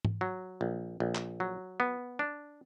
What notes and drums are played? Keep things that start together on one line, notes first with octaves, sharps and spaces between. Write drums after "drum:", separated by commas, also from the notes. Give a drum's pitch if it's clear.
drum: tom G#2
F#3
A#1
A#1
drum: clap
F#3
B3
D4